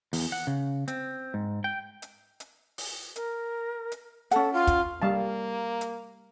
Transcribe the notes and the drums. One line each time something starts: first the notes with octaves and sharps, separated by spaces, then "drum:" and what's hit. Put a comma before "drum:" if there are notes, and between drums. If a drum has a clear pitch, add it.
E2, drum: open hi-hat
F#5
C#3
C4, drum: hi-hat
G#2
G5
drum: hi-hat
drum: hi-hat
drum: open hi-hat
A#4, drum: hi-hat
drum: hi-hat
C#4 A4 F#5, drum: hi-hat
F4
drum: kick, hi-hat
G3 A#3 F5 A5
drum: hi-hat